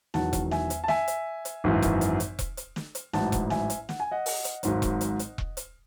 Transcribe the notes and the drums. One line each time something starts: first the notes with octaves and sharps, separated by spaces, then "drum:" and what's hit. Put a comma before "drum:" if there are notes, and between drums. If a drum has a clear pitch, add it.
E1 E2 D#3 F#3 F#5 A5, drum: snare
drum: kick E1, hi-hat
E5 G#5, drum: snare
drum: hi-hat
A5
E5 G#5, drum: snare
drum: hi-hat
drum: hi-hat
G#1 F#2 E3
drum: kick E1, hi-hat
drum: hi-hat
drum: hi-hat
drum: kick E1, hi-hat
drum: hi-hat
drum: snare
drum: hi-hat
A1 G#2 F#3 F#5 A5, drum: snare
drum: kick E1, hi-hat
E5 G#5, drum: snare
drum: hi-hat
F#5, drum: snare
G#5
D#5 F#5
drum: open hi-hat
drum: hi-hat
G#1 G#2 F#3, drum: hi-hat
drum: kick E1, hi-hat
drum: hi-hat
drum: hi-hat
drum: kick E1
drum: hi-hat